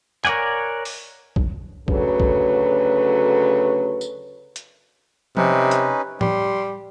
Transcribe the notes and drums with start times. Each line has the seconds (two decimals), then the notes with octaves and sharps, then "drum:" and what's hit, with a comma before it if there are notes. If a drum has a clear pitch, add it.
0.25 A#4 C#5 D5 F#5 G#5, drum: clap
0.85 drum: open hi-hat
1.36 drum: kick
1.88 D2 C#3 F#3 A4 B4, drum: kick
2.20 drum: kick
4.01 drum: tambourine
4.56 drum: hi-hat
5.37 C3 C#4 D#4 B4, drum: tom F3
5.71 drum: hi-hat
6.21 G3 C6, drum: tom